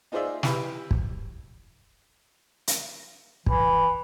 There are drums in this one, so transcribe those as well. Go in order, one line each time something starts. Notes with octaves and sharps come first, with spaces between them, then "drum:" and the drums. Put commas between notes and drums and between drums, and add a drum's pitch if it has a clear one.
D#4 F4 G#4 C5 D5 E5
C3 E3 E4 G4 B4, drum: snare
drum: kick
drum: hi-hat
E3, drum: kick